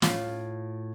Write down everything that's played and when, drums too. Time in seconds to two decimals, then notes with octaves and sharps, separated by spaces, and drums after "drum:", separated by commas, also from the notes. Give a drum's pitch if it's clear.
0.02 A2 F4 F5, drum: snare